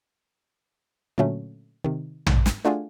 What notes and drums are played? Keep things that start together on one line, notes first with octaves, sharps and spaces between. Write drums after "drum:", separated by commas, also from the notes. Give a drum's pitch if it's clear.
A#2 D3 F#3 A3 C#4
C3 D#3
G1 G#2, drum: tom
drum: snare
A3 D4 F4 F#4 G#4